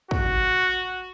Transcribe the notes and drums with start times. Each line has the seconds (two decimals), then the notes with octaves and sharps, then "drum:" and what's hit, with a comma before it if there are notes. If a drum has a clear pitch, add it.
0.11 F#4, drum: kick